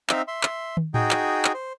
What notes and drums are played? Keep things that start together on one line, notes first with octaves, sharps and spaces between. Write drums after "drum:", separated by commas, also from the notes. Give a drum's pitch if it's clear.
C4 D#4 E5 F5, drum: clap
E5 C6
drum: clap
drum: tom
D#4 F#4 G#4 G5, drum: tom A2
drum: clap
drum: clap
C5